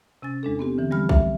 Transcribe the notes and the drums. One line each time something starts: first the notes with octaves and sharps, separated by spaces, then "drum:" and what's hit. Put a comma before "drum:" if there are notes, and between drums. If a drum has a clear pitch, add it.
C3 C#4 G#5 A6
E2 G#3 D4 A4
B3 C4 G4
D3 E3
F3 G3 G#3 G4 B5 F6
E5, drum: kick A#1